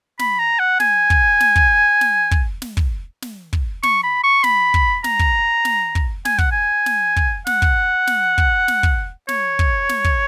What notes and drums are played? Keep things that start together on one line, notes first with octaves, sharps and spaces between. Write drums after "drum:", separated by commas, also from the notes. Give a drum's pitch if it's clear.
B5, drum: snare
A#5
F#5
G#5, drum: snare
drum: kick
drum: snare
drum: kick
drum: snare
drum: kick
drum: snare
drum: kick
drum: snare
drum: kick
C#6, drum: snare
B5
C#6
B5, drum: snare
drum: kick
A#5, drum: snare
drum: kick
drum: snare
drum: kick
G#5, drum: snare
F#5, drum: kick
G#5
drum: snare
drum: kick
F#5, drum: snare
drum: kick
drum: snare
drum: kick
drum: snare
drum: kick
C#5, drum: snare
drum: kick
drum: snare
drum: kick